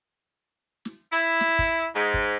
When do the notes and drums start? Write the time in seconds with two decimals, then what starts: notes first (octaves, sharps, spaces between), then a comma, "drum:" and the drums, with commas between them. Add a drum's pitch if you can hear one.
0.85 drum: snare
1.12 E4
1.40 drum: snare
1.59 drum: kick
1.96 G#2
2.14 drum: kick